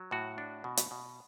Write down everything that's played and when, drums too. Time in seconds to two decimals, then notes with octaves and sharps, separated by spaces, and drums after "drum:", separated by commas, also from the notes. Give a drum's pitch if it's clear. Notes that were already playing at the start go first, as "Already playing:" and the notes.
Already playing: F#3
0.11 A2 F#4
0.38 D4
0.64 B2
0.77 drum: hi-hat
0.91 B2